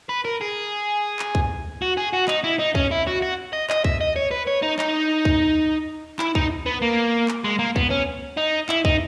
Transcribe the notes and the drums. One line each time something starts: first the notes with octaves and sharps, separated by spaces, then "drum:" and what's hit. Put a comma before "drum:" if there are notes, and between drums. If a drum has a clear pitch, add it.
B4
A#4
G#4
drum: clap
drum: kick
F#4
G#4
F#4
D#4, drum: clap
E4
D#4
C#4, drum: kick
E4
F#4
F#4
D#5
D#5, drum: clap
E5, drum: kick
D#5
C#5
B4
C#5
D#4
D#4, drum: clap
drum: kick
E4, drum: clap
D#4, drum: kick
B3
A#3
drum: clap
G#3
A#3
B3, drum: kick
C#4
D#4
E4, drum: clap
D#4, drum: kick